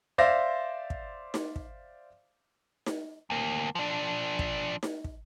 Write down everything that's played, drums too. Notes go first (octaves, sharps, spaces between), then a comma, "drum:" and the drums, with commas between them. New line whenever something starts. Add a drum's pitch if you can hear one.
C5 D5 E5 F5 C6 A#6
drum: kick
drum: snare D#4
drum: kick
drum: snare D#4
D2 A#3
F3 D4
drum: kick
drum: snare D#4
drum: kick